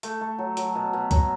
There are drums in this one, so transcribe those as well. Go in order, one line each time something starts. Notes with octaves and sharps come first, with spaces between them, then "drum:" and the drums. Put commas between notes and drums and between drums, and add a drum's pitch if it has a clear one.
A3, drum: hi-hat
A3
F#3
F#3, drum: hi-hat
B2
B2
F#3, drum: kick C2, hi-hat